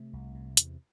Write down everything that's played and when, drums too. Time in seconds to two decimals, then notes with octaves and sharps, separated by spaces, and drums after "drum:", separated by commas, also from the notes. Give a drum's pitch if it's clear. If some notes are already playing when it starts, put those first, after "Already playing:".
Already playing: C3 A3
0.13 C2
0.34 C3
0.57 E2, drum: hi-hat